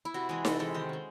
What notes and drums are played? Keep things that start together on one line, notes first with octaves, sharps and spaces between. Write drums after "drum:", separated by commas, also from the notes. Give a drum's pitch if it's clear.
E4
C3 F#4
E3 G#3 G#4
C3 A4, drum: snare D#4
E3 G#3 A4
D#3 C5
G#3 C#4